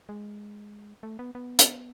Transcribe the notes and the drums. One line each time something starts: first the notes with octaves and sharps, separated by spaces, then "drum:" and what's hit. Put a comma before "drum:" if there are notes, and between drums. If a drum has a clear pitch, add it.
G#3
A3
B3
B3
drum: hi-hat